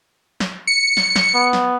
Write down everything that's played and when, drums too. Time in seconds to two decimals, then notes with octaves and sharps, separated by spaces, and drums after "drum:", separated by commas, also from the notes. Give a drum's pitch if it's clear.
0.40 drum: snare
0.67 C#7
0.97 drum: snare
1.16 drum: snare
1.34 B3
1.53 drum: snare